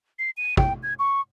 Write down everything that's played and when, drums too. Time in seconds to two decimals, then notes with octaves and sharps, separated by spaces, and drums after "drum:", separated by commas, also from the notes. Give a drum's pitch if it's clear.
0.19 C7
0.37 D#7
0.57 G5, drum: kick
0.83 G#6
0.99 C#6